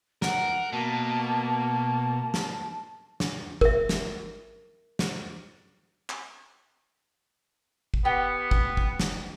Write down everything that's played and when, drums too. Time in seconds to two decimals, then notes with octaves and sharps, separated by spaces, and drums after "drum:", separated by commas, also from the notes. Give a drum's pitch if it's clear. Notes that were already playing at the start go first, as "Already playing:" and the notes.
0.22 A#4 F#5, drum: snare
0.73 B2 A#3 A5
2.34 drum: snare
3.20 drum: snare
3.61 A#4 E5, drum: kick G#1
3.89 drum: snare
4.99 drum: snare
6.10 drum: clap
7.94 drum: kick G#1
8.05 B3 G4
8.51 drum: kick G#1
8.77 drum: kick G#1
9.00 drum: snare